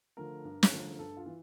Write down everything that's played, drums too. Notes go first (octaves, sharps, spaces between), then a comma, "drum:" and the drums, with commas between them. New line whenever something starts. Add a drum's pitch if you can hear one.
D3 F3 A3 A#4
G2
drum: snare
D3 F3 A3
G2 A4
F4
E3